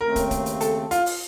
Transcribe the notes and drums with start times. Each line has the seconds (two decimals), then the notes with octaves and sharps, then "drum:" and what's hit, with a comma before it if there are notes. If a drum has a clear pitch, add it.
0.01 D#2 C#3 A3 C4 A#4
0.16 drum: kick, hi-hat
0.31 drum: kick, hi-hat
0.46 drum: hi-hat
0.61 A4, drum: hi-hat
0.91 F4, drum: hi-hat
1.06 drum: open hi-hat